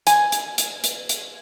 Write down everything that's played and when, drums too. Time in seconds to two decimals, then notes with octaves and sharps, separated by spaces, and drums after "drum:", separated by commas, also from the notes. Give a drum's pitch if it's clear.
0.07 G#5, drum: hi-hat
0.32 drum: hi-hat
0.58 drum: hi-hat
0.84 drum: hi-hat
1.09 drum: hi-hat